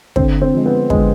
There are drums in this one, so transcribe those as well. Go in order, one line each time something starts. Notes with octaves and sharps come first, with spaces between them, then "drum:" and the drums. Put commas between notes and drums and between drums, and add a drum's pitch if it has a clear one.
D3 C4, drum: kick
C4
F3 G#3
B3
D3 G#3, drum: kick